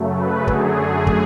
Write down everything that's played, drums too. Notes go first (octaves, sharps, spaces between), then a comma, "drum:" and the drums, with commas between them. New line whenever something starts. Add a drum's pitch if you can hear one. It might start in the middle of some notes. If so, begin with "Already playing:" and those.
Already playing: F#2 C#3 F#3 A3
B4
F#2 D3 F#3 A3 G#4, drum: kick
drum: kick